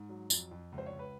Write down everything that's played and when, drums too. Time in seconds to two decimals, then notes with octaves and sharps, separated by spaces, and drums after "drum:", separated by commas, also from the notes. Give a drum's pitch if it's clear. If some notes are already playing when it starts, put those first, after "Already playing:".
Already playing: G#2
0.09 F#3
0.30 F2, drum: tambourine
0.51 F2
0.72 C#2
0.78 C5
0.86 C#5
0.93 C#2
0.99 B4